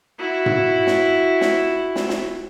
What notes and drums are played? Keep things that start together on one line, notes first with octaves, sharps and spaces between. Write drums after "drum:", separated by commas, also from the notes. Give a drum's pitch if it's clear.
E4 F#4
drum: tom G#2
drum: snare
drum: snare
drum: snare
drum: snare